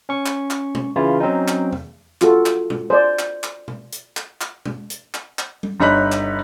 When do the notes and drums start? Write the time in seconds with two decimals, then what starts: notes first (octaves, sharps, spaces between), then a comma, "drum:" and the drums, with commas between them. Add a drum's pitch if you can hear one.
0.09 C#4 C#6
0.26 drum: clap
0.50 drum: clap
0.75 drum: tom B2
0.96 C#3 E3 E4 F4
1.20 F#3 C4 C#4 D#4
1.48 drum: clap
1.73 drum: tom E2
2.21 F4 F#4 A4, drum: clap
2.46 drum: clap
2.70 drum: tom B2
2.90 C5 D5
3.19 drum: clap
3.43 drum: clap
3.68 drum: tom B2
3.92 drum: hi-hat
4.17 drum: clap
4.41 drum: clap
4.66 drum: tom B2
4.90 drum: hi-hat
5.14 drum: clap
5.39 drum: clap
5.63 drum: tom G3
5.80 G1 D#4 C#5 B5 F#6
6.12 drum: clap